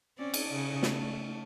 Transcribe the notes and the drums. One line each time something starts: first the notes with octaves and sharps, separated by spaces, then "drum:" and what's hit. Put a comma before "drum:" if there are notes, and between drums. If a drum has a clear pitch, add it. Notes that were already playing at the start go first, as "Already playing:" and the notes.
C4 C#4 D5
drum: cymbal
C#3
A3, drum: snare